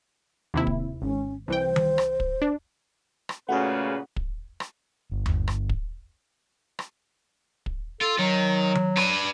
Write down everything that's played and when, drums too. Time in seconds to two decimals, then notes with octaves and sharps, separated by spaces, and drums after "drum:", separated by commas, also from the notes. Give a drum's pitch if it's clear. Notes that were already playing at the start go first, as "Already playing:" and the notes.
0.54 D#2 C3 E4
0.67 drum: kick
1.02 G#1 C#4
1.48 C2 E3 C5 G5
1.76 drum: tom D#3
1.98 drum: rim click
2.20 drum: kick
2.42 D4
3.29 drum: rim click
3.49 A#2 C#3 A3 C#4 F#4 G#4 B4 F#5
4.16 drum: kick
4.60 drum: rim click
5.12 G1
5.26 drum: tom D#2
5.48 drum: rim click
5.69 drum: kick
6.79 drum: rim click
7.66 drum: kick
8.01 F4 A4
8.19 D#3 F#3
8.75 drum: tom D#3
8.97 D4 B4, drum: rim click